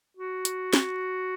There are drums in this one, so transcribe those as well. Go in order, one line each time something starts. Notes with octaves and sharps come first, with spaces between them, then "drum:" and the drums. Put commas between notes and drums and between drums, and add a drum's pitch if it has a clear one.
F#4
drum: hi-hat
drum: snare